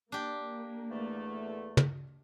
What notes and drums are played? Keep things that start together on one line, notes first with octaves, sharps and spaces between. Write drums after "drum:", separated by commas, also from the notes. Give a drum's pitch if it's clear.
A#3 D4 G4
E2 D3 A3
drum: tom